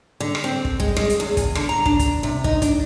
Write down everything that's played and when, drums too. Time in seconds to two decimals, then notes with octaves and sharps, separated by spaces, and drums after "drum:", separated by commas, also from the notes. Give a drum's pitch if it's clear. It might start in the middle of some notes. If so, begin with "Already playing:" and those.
0.20 D3
0.35 drum: rim click
0.44 C4
0.65 drum: kick
0.80 G#3, drum: kick
0.97 G#3, drum: rim click
1.10 drum: hi-hat
1.20 E2
1.37 G#5, drum: kick, hi-hat
1.55 D3, drum: rim click
1.69 A#5
1.86 D4, drum: kick
1.99 drum: kick, hi-hat
2.23 C3
2.44 D#4, drum: kick
2.62 D4, drum: kick, hi-hat